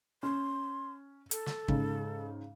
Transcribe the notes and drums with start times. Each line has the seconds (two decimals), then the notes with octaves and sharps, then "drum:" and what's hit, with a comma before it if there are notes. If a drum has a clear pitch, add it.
0.23 C#4 C6
1.31 A4, drum: hi-hat
1.46 drum: snare
1.68 G#2 C#3, drum: kick